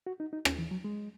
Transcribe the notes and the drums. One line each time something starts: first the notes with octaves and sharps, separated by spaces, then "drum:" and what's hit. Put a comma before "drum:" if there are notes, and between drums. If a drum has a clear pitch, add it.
F#4
D#4
D#4
C#4, drum: rim click
E3
F#3
G#3